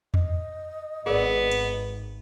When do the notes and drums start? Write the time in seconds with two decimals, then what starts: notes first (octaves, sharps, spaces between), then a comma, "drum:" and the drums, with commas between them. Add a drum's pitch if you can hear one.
0.14 D#5, drum: tom E2
1.06 G#1 B3 G#4 A#4 D5
1.51 drum: cymbal